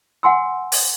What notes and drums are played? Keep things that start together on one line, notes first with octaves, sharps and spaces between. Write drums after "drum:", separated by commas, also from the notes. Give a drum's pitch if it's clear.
F#5 G#5 C6 E6
drum: open hi-hat